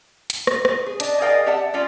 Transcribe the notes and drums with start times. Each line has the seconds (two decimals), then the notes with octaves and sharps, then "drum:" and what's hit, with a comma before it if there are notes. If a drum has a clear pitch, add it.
0.30 drum: hi-hat
0.47 drum: rim click
0.65 drum: rim click
0.86 G#4
1.00 D4 D#5, drum: hi-hat
1.21 G#4 A#4 D5 D#5 F5 G5
1.46 G4 D5 E5 F#5 A5
1.73 G#3 C#4 F4 D5